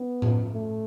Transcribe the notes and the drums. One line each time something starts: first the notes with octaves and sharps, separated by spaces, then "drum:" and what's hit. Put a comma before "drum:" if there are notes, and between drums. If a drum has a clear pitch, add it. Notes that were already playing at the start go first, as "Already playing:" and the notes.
Already playing: B3
drum: tom A2
A3